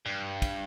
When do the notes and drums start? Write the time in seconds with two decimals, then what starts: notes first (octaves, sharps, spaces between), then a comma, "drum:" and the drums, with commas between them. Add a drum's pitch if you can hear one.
0.06 G2
0.42 drum: kick, cymbal